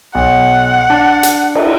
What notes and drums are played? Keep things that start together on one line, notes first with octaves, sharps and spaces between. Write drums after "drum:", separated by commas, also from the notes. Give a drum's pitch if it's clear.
B1 F#5
D4 A5
drum: hi-hat
drum: cymbal